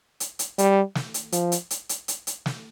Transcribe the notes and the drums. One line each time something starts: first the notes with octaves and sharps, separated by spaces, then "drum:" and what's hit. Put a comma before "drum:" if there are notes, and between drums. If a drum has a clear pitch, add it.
drum: hi-hat
drum: hi-hat
G3, drum: hi-hat
drum: snare
drum: hi-hat
F3, drum: hi-hat
drum: hi-hat
drum: hi-hat
drum: hi-hat
drum: hi-hat
drum: hi-hat
drum: snare